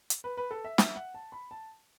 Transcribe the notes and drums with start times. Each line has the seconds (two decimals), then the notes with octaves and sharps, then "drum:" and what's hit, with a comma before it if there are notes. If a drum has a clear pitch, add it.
0.10 drum: hi-hat
0.24 B4
0.37 B4
0.51 A4
0.65 E5
0.78 E5, drum: snare
0.96 F#5
1.14 A5
1.32 B5
1.51 A5